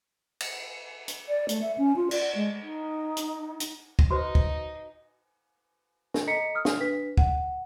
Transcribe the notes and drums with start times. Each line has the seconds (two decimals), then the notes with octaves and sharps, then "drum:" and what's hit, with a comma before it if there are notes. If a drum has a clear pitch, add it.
0.40 drum: cymbal
1.08 drum: hi-hat
1.28 D5
1.49 A3, drum: hi-hat
1.61 E5
1.78 C#4
1.96 F4
2.11 D5, drum: cymbal
2.35 G#3
2.63 D#4
3.17 drum: hi-hat
3.60 drum: hi-hat
3.99 drum: kick
4.11 D#4 F#4 B4 C5
4.35 drum: kick
6.14 drum: snare
6.27 A4 D#5 A#5 B6 C#7
6.55 D#6 F6
6.65 drum: snare
6.80 D4 B4 B6
7.17 F#5, drum: kick